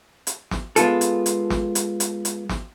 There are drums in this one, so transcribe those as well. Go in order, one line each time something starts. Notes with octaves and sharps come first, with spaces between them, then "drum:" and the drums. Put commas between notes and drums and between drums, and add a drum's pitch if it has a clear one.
drum: hi-hat
drum: snare
G#3 B3 F4 A4, drum: hi-hat
drum: hi-hat
drum: hi-hat
drum: snare
drum: hi-hat
drum: hi-hat
drum: hi-hat
drum: snare